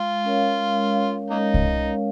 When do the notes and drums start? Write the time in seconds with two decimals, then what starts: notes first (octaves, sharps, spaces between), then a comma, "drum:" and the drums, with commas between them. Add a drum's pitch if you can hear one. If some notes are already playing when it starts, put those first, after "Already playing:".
Already playing: G#3 F4
0.25 C#4 A#4 C#5 F5
0.60 G#3
0.95 C#4 A#4 C#5 F5
1.30 G#3 A#3 D#4
1.54 drum: kick C2
1.66 C#4 A#4 C#5 F5